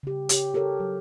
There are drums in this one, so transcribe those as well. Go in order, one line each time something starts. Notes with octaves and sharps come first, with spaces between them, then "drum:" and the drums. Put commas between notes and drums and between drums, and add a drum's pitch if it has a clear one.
C#3 G4
G4 C#5, drum: hi-hat
G4 A4 A#4 C#5
F#3